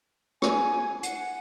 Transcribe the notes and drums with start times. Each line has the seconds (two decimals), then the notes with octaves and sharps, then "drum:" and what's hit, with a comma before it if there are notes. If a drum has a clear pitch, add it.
0.42 G#5, drum: rim click
1.03 F#5, drum: hi-hat